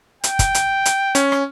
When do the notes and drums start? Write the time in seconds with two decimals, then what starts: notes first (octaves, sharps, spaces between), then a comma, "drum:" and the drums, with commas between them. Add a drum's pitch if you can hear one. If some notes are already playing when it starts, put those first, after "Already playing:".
0.24 G5, drum: hi-hat
0.39 drum: kick, hi-hat
0.55 drum: hi-hat
0.86 drum: hi-hat
1.15 C#4, drum: hi-hat
1.32 drum: rim click